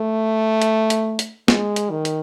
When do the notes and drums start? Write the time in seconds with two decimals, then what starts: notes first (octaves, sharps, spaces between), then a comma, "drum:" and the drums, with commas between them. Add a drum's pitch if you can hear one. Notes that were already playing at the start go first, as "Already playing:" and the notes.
Already playing: A3
0.62 drum: hi-hat
0.90 drum: hi-hat
1.19 drum: hi-hat
1.48 G#3, drum: snare
1.76 drum: hi-hat
1.90 D#3
2.05 drum: hi-hat